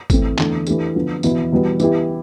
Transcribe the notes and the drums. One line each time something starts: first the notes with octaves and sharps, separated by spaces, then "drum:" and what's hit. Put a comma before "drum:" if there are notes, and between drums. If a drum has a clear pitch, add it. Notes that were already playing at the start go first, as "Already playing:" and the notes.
E3 A3 C4, drum: kick G#1, tambourine
E2 D3 A3, drum: clap
E3 A3 D4 G4, drum: tambourine
D3 F3 B3
E2 B2 B3 E4, drum: tambourine
E2 B2 G3 B3
E3 B3 E4 G4, drum: tambourine